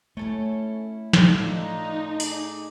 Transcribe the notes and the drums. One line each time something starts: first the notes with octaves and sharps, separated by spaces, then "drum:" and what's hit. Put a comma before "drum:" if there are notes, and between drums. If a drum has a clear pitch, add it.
A3 C#4 E4 A4 C#5
A2 D4 F4 A4, drum: snare
D#4
G#4 D5, drum: open hi-hat